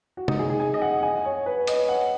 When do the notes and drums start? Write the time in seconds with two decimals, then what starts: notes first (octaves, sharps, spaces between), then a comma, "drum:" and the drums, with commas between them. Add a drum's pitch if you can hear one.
0.17 F#4
0.28 D#4, drum: tom C3
0.39 G#4
0.50 G#4
0.60 G#5
0.74 D#5
0.82 F#5
1.03 G#5
1.25 C#5
1.46 B4
1.67 D#5, drum: hi-hat
1.88 F#5